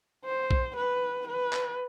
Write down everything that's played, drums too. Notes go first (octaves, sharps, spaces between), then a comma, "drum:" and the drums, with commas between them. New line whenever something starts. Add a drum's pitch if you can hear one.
C5
drum: kick B1
B4
B4
drum: clap